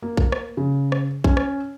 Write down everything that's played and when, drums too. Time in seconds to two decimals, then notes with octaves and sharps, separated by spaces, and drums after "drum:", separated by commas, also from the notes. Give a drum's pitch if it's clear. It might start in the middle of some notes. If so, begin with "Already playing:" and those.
0.03 A#3
0.17 drum: kick
0.32 drum: rim click
0.57 C#3
0.92 drum: rim click
1.24 C#4, drum: kick
1.37 drum: rim click